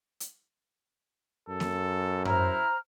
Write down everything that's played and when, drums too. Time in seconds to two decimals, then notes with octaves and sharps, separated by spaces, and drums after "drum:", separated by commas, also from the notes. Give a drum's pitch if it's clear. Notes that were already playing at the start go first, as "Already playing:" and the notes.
0.20 drum: hi-hat
1.49 F#2 A4
1.60 drum: snare A#3
2.25 E4 C5 A#5 F6, drum: tom F#2